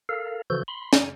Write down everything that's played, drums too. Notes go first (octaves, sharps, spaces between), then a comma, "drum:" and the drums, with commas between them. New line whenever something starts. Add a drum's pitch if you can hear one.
A4 A#4 F5
C#3 E3 F3 F#4 A4 G6
B5 C6
G#5 A#5, drum: snare